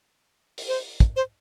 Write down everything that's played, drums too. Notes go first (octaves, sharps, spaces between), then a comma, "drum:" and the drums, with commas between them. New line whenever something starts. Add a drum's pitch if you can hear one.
drum: open hi-hat
C5
drum: kick, hi-hat
C5